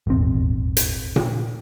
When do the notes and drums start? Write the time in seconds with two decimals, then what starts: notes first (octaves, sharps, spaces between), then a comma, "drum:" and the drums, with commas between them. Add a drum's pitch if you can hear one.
0.07 D#1 G#1 E2 C4
0.77 drum: hi-hat
1.16 drum: tom A#2